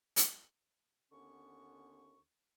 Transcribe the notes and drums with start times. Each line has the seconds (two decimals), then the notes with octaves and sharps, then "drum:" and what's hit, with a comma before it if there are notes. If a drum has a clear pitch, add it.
0.16 drum: hi-hat
1.11 D#2 D3 B3 C#4 C#6